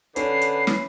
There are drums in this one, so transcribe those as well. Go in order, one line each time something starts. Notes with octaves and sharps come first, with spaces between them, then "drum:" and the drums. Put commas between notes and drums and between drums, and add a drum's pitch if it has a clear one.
D3 C#4 B4 C7, drum: hi-hat
drum: hi-hat
drum: snare